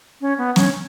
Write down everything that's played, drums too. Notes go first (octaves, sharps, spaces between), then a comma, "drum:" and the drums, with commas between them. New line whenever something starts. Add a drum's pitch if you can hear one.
C#4
B3
C#4, drum: snare